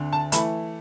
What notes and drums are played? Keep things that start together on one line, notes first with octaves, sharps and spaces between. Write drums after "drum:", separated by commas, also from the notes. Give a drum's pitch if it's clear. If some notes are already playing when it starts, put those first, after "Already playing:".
Already playing: D2 D3 C4
A5
E3 A3 B5, drum: hi-hat